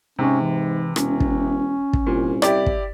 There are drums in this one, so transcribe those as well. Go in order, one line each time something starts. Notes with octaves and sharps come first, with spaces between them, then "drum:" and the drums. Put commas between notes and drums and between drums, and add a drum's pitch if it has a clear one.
G#2 C3 C#4
E3
E1 C#4, drum: rim click
drum: kick
drum: kick
C2 A#2
E4 G4 D5, drum: rim click
drum: kick